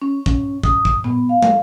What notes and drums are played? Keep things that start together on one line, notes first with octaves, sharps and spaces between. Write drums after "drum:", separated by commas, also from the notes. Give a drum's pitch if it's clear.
C#4
C#4, drum: kick
D#6, drum: kick
drum: kick
B3, drum: tom A#2
F5
drum: tom